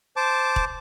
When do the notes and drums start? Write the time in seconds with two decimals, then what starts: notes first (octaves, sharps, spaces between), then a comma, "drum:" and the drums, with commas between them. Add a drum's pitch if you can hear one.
0.16 C5 A5 D6
0.56 drum: kick